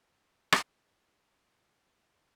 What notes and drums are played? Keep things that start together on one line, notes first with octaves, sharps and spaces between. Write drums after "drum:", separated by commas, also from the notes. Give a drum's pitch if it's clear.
drum: rim click
C4 G#5
F4 C#5 G5 A5
G#3 E4